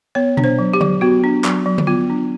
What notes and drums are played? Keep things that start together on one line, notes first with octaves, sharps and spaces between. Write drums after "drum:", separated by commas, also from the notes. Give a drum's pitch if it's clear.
B3 C#5
D4, drum: tom B2
C5
F#3
G4
F#3, drum: tom D3
B3 F#4
D4
F#3, drum: clap
F#3
drum: tom D3
B3 F4
D4